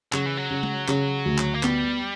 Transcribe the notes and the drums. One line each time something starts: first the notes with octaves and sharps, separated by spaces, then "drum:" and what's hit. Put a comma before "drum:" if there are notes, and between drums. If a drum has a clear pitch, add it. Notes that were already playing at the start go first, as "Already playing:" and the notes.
C#3 F#3, drum: clap
E3
F#3
C#3
drum: tom G#3
C#3, drum: clap
D2
drum: clap
A#3
G3 B3, drum: clap